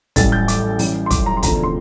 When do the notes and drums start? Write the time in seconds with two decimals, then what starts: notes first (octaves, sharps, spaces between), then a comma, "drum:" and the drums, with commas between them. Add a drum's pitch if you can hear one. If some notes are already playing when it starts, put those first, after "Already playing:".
0.16 A1 A2 E3 G3 A6, drum: kick, hi-hat
0.32 G6
0.48 D6, drum: hi-hat
0.79 A1 A2 E3 G3, drum: open hi-hat
1.06 C6
1.11 D6, drum: kick, hi-hat
1.26 A#5
1.37 C6
1.43 E1 D2 D3 F3 A#5, drum: kick, hi-hat
1.53 A#5
1.63 C6